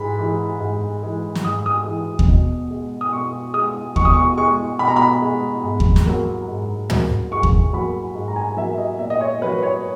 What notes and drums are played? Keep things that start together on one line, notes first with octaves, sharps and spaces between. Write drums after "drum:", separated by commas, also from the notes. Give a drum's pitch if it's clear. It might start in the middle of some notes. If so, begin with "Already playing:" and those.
Already playing: G#2 B5
E3 G#3
G#2
E3 G#3
drum: snare
G#2 D#6
D#6
E3 G#3
drum: kick D#2
B2
G#3
D#6
B2 C#6
G#3 D#6
B2 C#6, drum: kick D#2
D#6
C#6
G#3 C#6
B2 B5
A#5
B5
G#3
G#2
drum: kick D#2
drum: snare
F#3 A#3
G#2
F#3 A#3, drum: tom
G#2 C#6
drum: kick D#2
F#3 A#3 B5
G#2
A#5
G#5
F#3 A#3 E5
D#5
A#2 E5
D#5
C#5
F#3 A#3 B4
C#5